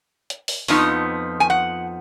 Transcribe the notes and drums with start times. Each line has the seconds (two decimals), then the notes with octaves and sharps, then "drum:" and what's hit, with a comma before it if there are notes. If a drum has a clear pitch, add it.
0.30 drum: hi-hat
0.48 drum: open hi-hat
0.68 F2 F3 B3 D#4, drum: open hi-hat
1.40 G#5
1.50 F#5